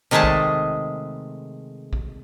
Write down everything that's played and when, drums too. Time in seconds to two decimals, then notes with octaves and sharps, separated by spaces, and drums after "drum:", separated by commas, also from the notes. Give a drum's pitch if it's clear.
0.11 C3 D#3 G#3 A3 G#4 A5
0.23 drum: kick A#1
1.93 drum: kick A#1